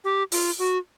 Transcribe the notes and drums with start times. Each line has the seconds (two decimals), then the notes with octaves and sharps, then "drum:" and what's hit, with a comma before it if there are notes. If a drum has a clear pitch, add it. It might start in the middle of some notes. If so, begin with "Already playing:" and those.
0.04 G4
0.32 F4, drum: open hi-hat
0.59 F#4